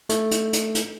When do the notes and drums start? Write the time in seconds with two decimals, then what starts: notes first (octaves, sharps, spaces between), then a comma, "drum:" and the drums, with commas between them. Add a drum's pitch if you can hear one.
0.09 A3, drum: hi-hat
0.31 drum: hi-hat
0.53 drum: hi-hat
0.75 drum: hi-hat